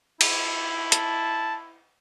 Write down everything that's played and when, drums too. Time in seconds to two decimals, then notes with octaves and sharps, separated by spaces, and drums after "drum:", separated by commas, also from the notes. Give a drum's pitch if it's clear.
0.21 E4, drum: cymbal
0.92 A5, drum: hi-hat